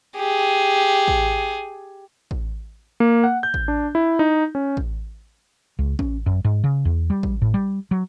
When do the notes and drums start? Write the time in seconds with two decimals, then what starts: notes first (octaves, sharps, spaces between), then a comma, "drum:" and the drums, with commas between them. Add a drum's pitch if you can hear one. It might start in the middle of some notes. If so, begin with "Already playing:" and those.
0.17 G4 G#4
1.08 drum: kick A1
2.31 drum: kick A1
3.00 A#3
3.24 F#5
3.43 G6
3.54 drum: kick A1
3.68 D4
3.95 E4
4.19 D#4
4.55 C#4
4.77 drum: kick A1
5.79 C#2
5.99 C#4, drum: kick A1
6.26 F#2
6.45 G#2
6.64 C#3
6.85 E2
7.10 G3
7.23 drum: kick A1
7.42 A2
7.54 G3
7.91 F#3